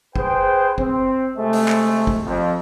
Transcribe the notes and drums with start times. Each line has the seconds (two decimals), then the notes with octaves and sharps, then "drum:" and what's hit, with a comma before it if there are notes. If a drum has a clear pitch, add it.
0.16 G#4 B4 C5 G5, drum: kick
0.78 C4, drum: kick
1.37 C3 G#3 A3
1.53 drum: open hi-hat
1.68 drum: clap
2.07 drum: kick
2.25 F2